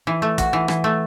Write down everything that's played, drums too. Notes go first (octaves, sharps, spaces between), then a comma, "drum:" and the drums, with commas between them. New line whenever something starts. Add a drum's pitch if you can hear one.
E3
A3
F#4, drum: kick, hi-hat
E3
E3, drum: rim click
A3